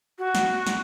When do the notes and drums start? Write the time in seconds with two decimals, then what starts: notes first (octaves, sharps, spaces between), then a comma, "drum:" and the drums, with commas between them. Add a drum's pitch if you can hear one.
0.19 F#4
0.35 drum: snare
0.67 drum: snare